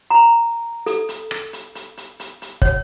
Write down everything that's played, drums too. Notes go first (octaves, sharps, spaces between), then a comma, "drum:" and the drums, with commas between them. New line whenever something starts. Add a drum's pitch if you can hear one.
A#5
A4, drum: hi-hat
drum: hi-hat
drum: rim click
drum: hi-hat
drum: hi-hat
drum: hi-hat
drum: hi-hat
drum: hi-hat
C#5, drum: kick